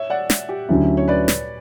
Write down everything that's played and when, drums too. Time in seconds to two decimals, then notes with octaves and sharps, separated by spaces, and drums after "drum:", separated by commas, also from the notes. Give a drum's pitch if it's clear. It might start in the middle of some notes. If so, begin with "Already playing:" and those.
Already playing: C#5 E5
0.10 D5 F#5
0.30 drum: snare
0.49 G4
0.69 D2 D3 F#3 C#4 E4
0.97 C#5
1.08 B4 D5
1.28 drum: snare